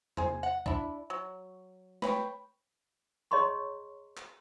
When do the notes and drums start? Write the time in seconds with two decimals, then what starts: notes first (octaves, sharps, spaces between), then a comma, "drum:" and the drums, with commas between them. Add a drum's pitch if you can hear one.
0.17 G#4 C5, drum: tom
0.43 F#5
0.66 D4 E4, drum: kick C2
1.10 F#3
2.02 B4 C#5 G5, drum: snare A3
3.31 G#4 C#5 D#5 A#5 C6 C#6
4.17 drum: clap